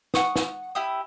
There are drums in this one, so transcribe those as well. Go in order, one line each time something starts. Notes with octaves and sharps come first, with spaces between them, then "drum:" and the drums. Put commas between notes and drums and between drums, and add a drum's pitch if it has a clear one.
F#5 C#6 D#6, drum: snare
drum: snare
E4 G4 D#6